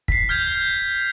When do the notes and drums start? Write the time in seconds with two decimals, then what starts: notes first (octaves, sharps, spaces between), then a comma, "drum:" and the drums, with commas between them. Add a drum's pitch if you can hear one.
0.08 B6 C7, drum: kick
0.29 F6 G6 G#6 F7
0.55 G6